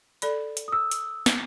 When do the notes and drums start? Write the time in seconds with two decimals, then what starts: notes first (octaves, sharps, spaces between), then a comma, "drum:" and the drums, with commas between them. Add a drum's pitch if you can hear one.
0.22 A4 D5 B5, drum: hi-hat
0.57 drum: hi-hat
0.68 D#6 E6
0.91 drum: hi-hat
1.26 drum: snare